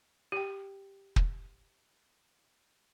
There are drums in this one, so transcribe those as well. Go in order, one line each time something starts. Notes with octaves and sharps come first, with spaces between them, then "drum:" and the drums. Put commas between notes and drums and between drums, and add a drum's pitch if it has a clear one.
G4 G5
drum: kick